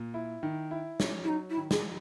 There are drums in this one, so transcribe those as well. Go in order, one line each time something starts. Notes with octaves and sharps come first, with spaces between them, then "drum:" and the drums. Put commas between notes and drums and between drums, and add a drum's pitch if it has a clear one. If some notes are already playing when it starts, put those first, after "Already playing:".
Already playing: A#2
E4
D#3
E4
C#4, drum: snare
E4
F#3 D#4
E4
D#3
G#4, drum: snare